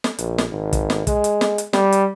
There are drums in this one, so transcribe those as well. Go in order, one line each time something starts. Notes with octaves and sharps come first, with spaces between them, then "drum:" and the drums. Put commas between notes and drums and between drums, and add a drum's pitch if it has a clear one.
drum: snare
A#1, drum: hi-hat
drum: snare
G#1
drum: kick, hi-hat
drum: snare
G#3, drum: kick, hi-hat
drum: hi-hat
drum: snare
drum: hi-hat
G3, drum: snare
drum: hi-hat